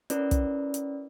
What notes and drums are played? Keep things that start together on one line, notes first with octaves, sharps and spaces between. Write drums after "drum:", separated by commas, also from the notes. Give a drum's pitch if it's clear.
C#4 E4 A#4 B4 D5, drum: hi-hat
drum: kick, hi-hat
drum: hi-hat